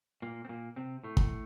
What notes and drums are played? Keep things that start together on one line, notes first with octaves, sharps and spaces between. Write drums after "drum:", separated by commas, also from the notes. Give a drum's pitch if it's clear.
A#2 A#3
C4
A#2 A#3
C3 C4
A2 A3
drum: kick